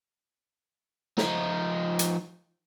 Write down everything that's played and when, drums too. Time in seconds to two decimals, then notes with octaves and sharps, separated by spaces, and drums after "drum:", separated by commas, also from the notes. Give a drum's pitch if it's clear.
1.18 F3 D#4, drum: snare
1.99 drum: hi-hat